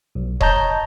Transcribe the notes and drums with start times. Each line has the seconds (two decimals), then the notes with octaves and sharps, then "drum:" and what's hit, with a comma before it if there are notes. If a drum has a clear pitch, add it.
0.15 B1
0.41 C#5 D#5 A5 A#5 G6, drum: kick D#1